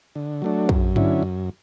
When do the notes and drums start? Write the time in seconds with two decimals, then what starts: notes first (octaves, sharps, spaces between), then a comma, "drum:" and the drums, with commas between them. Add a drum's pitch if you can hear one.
0.16 D3
0.42 F#3 A3 D4
0.69 F#2, drum: kick
0.96 D3 F#3 C#4 E4, drum: tom G2
1.23 F#2